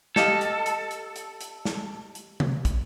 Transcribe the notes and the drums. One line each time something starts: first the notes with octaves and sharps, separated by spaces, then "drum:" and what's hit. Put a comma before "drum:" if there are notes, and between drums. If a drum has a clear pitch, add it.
G4 A4 D#5 F5, drum: snare
drum: hi-hat
drum: hi-hat
drum: hi-hat
drum: hi-hat
drum: hi-hat
drum: snare
drum: hi-hat
drum: tom C3
drum: kick, hi-hat